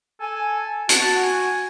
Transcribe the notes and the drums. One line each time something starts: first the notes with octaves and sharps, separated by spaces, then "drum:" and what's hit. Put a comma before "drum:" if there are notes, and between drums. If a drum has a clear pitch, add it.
A4 G#5
F#4 A5, drum: hi-hat
G#5